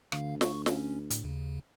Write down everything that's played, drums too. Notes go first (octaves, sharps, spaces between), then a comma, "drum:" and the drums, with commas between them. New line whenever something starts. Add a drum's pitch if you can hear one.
D2 D3 F5, drum: rim click
C#6, drum: snare
C#4, drum: snare
A2, drum: hi-hat
D#2 C#3